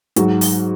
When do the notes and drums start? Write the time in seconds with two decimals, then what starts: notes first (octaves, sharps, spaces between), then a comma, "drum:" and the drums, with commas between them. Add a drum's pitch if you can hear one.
0.16 G#2 F#3 F#4, drum: hi-hat
0.41 drum: open hi-hat